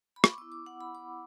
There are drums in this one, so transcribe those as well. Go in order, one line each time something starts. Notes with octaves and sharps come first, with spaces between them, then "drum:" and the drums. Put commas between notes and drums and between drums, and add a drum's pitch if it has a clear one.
B5
C#6, drum: rim click
D6
B3 E4 E6
D6
F#5
B5
D6